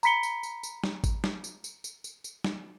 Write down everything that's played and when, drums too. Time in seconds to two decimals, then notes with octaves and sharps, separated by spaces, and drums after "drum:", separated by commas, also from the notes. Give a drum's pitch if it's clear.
0.03 A#5 B5 B6 C#7 G7, drum: tambourine
0.23 drum: tambourine
0.43 drum: tambourine
0.63 drum: tambourine
0.84 drum: snare
1.04 drum: kick G#1, tambourine
1.24 drum: snare
1.44 drum: tambourine
1.64 drum: tambourine
1.84 drum: tambourine
2.04 drum: tambourine
2.24 drum: tambourine
2.44 drum: snare